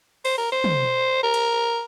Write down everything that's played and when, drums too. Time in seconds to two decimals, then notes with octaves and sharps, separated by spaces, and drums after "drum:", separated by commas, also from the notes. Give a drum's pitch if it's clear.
0.25 C5, drum: cymbal
0.38 A#4
0.52 C5
0.64 drum: tom
1.23 A#4
1.34 drum: cymbal